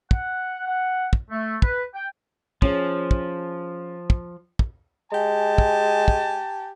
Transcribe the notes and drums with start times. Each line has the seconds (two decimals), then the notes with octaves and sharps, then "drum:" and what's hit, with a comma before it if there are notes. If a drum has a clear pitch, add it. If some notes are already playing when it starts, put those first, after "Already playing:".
0.11 F#5, drum: kick
0.67 F#5
1.13 drum: kick
1.30 A3
1.62 B4, drum: kick
1.94 G5
2.62 F3 C#4 G#4, drum: kick
3.11 drum: kick
4.10 drum: kick
4.59 drum: kick
5.12 G#3 G4 G#5 A5
5.58 drum: kick
6.08 drum: kick